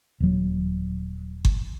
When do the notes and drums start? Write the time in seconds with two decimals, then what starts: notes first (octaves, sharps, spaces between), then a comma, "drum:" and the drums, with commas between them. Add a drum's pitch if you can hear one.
0.20 D#1 F#3
1.45 drum: kick G1